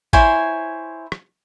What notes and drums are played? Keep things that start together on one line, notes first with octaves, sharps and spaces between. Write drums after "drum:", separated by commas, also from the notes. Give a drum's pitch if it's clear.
E4 C5 C#5 G#5, drum: kick G#1
drum: rim click